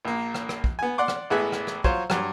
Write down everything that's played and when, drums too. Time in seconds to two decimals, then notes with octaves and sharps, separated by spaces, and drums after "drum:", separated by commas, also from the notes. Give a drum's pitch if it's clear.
0.05 A#1 A#3
0.34 drum: rim click
0.49 drum: rim click
0.64 drum: kick
0.79 B3 G#5
0.98 D5 F#5 C6 D6
1.08 drum: rim click
1.30 A1 G#3 B3 G#4 E5 F#6
1.52 drum: rim click
1.67 drum: rim click
1.84 F#3 F4 C5 C#5, drum: kick
2.10 G2 F#3, drum: rim click